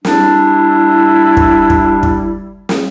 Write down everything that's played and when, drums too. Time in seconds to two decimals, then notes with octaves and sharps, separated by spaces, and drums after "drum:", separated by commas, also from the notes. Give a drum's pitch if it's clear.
0.05 G3 D4 E4, drum: snare
1.37 drum: kick
1.70 drum: kick
2.03 drum: kick
2.69 drum: snare